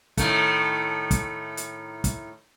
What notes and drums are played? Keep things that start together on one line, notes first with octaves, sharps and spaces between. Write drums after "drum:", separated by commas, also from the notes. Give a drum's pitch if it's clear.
A2 D#3 A3, drum: kick, hi-hat
drum: kick, hi-hat
drum: hi-hat
drum: kick, hi-hat